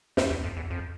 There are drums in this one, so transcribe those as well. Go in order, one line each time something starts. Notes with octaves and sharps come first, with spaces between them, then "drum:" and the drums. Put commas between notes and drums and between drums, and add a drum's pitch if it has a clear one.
F2, drum: snare
E2
F2
E2
F2